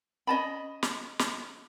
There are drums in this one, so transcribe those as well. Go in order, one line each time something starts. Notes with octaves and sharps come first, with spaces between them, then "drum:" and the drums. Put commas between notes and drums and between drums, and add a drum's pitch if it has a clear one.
C#4 D#5 A5 B5
drum: snare
drum: snare